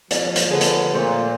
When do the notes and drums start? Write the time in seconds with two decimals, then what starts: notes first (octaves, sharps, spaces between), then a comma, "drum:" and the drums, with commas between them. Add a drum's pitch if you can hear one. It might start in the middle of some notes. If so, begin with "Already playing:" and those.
0.11 F3, drum: hi-hat
0.36 drum: hi-hat
0.51 D3 G#4 B4
0.61 drum: hi-hat
0.94 A#2 A3 C5